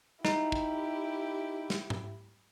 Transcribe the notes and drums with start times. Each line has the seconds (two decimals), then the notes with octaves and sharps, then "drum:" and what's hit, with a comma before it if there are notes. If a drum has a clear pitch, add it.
0.25 D#4 E4 G4, drum: snare
0.52 drum: kick
1.70 drum: snare
1.90 drum: tom G#2